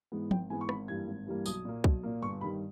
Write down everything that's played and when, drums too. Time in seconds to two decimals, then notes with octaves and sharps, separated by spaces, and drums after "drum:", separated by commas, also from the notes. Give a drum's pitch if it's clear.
0.12 G#2 E3 G#3 B3
0.31 G#1 G5, drum: tom
0.50 G#2 E3 G#3 B3 G#5
0.61 C#6
0.69 G#1 B5, drum: rim click
0.88 G2 E3 G3 A#3 G#6
1.07 G#1
1.27 G2 E3 G3 A#3
1.46 B1 D#6, drum: tambourine
1.65 A#2 A#3
1.84 B1, drum: kick
2.03 A#2 A#3
2.22 G1 C#6
2.41 G2 D#3 G3 B5